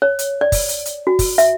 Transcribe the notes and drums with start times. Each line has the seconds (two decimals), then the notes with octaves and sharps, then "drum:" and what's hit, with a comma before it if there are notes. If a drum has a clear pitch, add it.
0.02 C#5
0.19 drum: hi-hat
0.41 D5
0.52 drum: kick, open hi-hat
0.69 drum: hi-hat
0.85 drum: hi-hat
1.07 F#4
1.19 drum: kick, open hi-hat
1.38 E5, drum: hi-hat